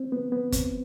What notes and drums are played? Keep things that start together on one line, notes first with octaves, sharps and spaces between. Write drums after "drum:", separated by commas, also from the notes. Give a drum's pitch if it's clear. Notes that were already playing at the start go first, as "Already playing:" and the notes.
Already playing: C4
B3
B3
C4, drum: kick G1, hi-hat